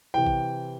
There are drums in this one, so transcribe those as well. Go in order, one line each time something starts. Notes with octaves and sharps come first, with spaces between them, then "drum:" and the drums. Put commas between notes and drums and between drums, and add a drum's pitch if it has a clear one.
C3 E3 G5
drum: kick